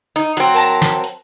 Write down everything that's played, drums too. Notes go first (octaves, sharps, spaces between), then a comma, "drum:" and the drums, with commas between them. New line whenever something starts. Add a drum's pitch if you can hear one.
D#4, drum: hi-hat
F#3 C4, drum: hi-hat
A#4 A5 A#5
drum: snare
drum: hi-hat